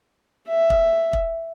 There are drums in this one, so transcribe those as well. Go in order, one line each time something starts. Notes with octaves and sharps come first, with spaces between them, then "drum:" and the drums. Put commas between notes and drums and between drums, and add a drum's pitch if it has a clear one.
E5
drum: kick
drum: kick